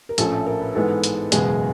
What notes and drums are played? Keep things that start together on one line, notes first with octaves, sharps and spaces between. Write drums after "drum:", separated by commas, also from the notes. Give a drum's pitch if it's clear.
A#4
A#1 A2 F3 A3 C#4 A4, drum: hi-hat
A#4
B4
G#2 E3 G#3 B3 A4
drum: hi-hat
F#1 E2 B2 G#3 G#4, drum: hi-hat